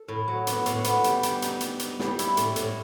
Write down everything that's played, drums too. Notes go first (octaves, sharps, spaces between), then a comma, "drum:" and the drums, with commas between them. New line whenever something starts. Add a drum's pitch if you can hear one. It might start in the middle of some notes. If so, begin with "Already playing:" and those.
Already playing: A4
A2
F#3
B3, drum: hi-hat
A2, drum: hi-hat
B3, drum: hi-hat
G3, drum: hi-hat
G3, drum: hi-hat
D#4, drum: hi-hat
D#4, drum: hi-hat
D#4, drum: hi-hat
G3, drum: snare
E4, drum: hi-hat
A2, drum: hi-hat
A2, drum: hi-hat